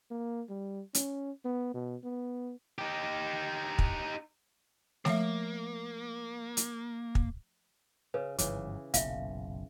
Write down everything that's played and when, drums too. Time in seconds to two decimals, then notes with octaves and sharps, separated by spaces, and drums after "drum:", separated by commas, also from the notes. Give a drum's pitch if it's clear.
0.11 A#3
0.49 G3
0.95 C#4, drum: hi-hat
1.45 B3
1.74 B2
2.04 B3
2.78 D#4 G4
3.79 drum: kick
5.05 F3 A3 A#3 E5, drum: snare A3
6.57 drum: hi-hat
7.15 drum: kick
8.14 C#3 B4
8.39 G1 G#2 C#3 E3 F3 D6, drum: hi-hat
8.94 F#1 B1 A#2 E5 F5, drum: hi-hat